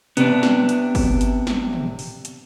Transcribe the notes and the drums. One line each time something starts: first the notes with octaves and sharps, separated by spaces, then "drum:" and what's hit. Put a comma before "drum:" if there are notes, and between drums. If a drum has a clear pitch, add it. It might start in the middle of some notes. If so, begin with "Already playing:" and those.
C3 B3 D4, drum: hi-hat
drum: snare
drum: hi-hat
drum: kick G1, open hi-hat
drum: hi-hat
drum: snare
drum: tom
drum: open hi-hat
drum: hi-hat